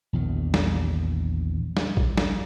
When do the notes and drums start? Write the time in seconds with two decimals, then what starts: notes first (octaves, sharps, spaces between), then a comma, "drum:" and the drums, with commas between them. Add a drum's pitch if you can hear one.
0.13 A#1 E2 D#3
0.54 drum: snare
1.77 drum: snare
1.97 drum: kick A1
2.17 drum: snare